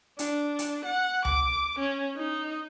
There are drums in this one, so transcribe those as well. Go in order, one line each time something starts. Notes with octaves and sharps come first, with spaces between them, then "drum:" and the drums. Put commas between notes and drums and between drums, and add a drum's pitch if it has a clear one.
D4, drum: hi-hat
drum: hi-hat
F#5
D6, drum: tom C#2
C#4
D#4